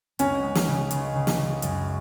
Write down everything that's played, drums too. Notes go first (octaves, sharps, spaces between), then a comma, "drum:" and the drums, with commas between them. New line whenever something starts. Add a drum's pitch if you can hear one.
C#2 C#4, drum: hi-hat
G#3
drum: snare
C#3
C#2, drum: hi-hat
C#3
drum: snare
C#3
F#2, drum: hi-hat